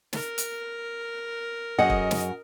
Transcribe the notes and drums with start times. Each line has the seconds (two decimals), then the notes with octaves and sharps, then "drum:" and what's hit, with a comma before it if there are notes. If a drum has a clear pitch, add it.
0.13 A#4, drum: snare
0.38 drum: hi-hat
1.79 F#2 G#4 D#5 F#5
1.90 drum: kick
2.11 drum: snare